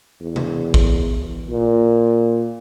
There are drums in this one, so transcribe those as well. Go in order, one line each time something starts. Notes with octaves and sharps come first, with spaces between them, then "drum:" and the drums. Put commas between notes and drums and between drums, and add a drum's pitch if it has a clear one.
E2
drum: tom C3
drum: kick A1
A#2